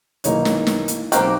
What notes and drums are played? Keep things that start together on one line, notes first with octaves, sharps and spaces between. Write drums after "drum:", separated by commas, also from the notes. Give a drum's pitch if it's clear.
B1 D#3 E3 A#3 D#4 C#5, drum: hi-hat
drum: snare
drum: snare
drum: hi-hat
B1 A#3 C4 G4 F#6, drum: hi-hat